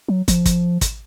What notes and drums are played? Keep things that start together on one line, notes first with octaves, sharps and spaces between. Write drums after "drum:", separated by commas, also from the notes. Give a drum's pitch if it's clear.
F#3
F3, drum: kick, hi-hat
drum: kick, hi-hat
drum: kick, hi-hat